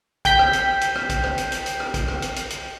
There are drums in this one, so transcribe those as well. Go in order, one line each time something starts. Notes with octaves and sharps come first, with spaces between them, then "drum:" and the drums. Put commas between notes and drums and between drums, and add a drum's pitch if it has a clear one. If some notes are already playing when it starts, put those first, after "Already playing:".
G5 G6 B6, drum: kick, hi-hat
drum: rim click
drum: hi-hat
drum: hi-hat
drum: rim click
drum: kick, hi-hat
drum: rim click
drum: hi-hat
drum: hi-hat
drum: hi-hat
drum: rim click
drum: kick, hi-hat
drum: rim click
drum: hi-hat
drum: hi-hat
drum: hi-hat